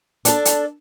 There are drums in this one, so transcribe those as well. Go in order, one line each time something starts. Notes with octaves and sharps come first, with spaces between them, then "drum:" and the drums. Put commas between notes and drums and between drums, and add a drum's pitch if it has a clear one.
D4 A4, drum: hi-hat
drum: hi-hat